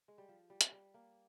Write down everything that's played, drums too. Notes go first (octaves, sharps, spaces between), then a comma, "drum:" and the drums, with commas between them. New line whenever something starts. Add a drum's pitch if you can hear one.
G#3
G3
F3
G3
drum: hi-hat
G3
A#3